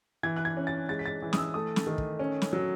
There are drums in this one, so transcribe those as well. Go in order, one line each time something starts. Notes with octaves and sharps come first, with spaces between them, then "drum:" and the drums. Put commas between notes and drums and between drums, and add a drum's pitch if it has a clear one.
E3 G#6
F#6
G#6
C#4
A6
G#3 A6
B6
A6
E3
D#6, drum: snare
E6
A3 D#6
drum: snare
D#3
drum: kick
C#4
drum: snare
F#3